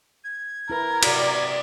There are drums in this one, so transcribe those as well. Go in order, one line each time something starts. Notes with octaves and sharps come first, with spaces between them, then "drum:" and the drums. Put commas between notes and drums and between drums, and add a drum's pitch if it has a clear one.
G#6
E4 A#4 B4
C3 F#4 D5, drum: cymbal